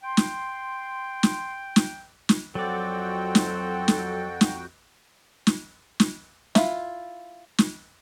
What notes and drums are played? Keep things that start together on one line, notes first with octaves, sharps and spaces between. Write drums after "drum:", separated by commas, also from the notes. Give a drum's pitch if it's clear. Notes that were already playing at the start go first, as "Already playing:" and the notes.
G5 C6
drum: snare
drum: snare
drum: snare
drum: snare
F2 F#3 C4 F#4 A4 D5 G5
drum: snare
drum: snare
drum: snare
drum: snare
drum: snare
E4 F4, drum: snare
drum: snare